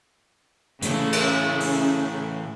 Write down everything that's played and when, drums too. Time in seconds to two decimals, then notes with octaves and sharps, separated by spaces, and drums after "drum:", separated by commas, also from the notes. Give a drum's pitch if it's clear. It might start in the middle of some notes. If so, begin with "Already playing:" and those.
0.82 A2 C#3 E3 A3 G#4, drum: hi-hat
1.12 drum: cymbal
1.60 drum: open hi-hat